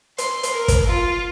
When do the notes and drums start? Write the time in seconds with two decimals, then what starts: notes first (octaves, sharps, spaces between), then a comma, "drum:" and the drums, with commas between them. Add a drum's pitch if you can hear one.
0.18 C6, drum: hi-hat
0.43 drum: hi-hat
0.53 A#4
0.68 drum: kick, hi-hat
0.88 F4